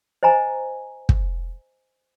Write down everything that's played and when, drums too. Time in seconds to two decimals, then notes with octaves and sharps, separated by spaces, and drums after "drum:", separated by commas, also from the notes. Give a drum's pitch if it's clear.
0.23 C5 D#5 G#5 A#5
1.09 drum: kick